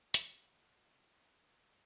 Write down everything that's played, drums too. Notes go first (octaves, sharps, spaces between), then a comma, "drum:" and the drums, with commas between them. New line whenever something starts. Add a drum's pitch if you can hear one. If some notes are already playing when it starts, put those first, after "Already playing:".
A#2 G3 F#4 D5, drum: hi-hat